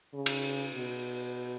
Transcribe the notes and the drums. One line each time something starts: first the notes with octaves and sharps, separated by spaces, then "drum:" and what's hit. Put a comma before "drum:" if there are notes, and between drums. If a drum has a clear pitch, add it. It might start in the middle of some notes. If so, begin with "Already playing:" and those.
C#3
drum: cymbal
B2